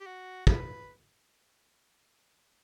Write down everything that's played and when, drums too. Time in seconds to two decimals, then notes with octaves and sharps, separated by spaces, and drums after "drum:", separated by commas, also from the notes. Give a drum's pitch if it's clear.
0.01 G4
0.06 F#4
0.47 B4, drum: kick